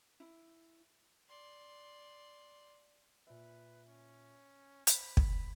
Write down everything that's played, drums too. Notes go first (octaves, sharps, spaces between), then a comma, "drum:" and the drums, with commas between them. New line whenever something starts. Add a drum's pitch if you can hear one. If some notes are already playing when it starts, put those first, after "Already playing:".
E4
D5 C6
A#2 B4 E5
C#4
C5 B5, drum: hi-hat
drum: kick